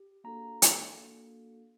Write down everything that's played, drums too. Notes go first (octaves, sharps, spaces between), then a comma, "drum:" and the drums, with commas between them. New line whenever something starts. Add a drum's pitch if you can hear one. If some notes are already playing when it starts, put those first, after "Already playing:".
Already playing: G4
A#3 D4 F#4 A4 A#5
drum: hi-hat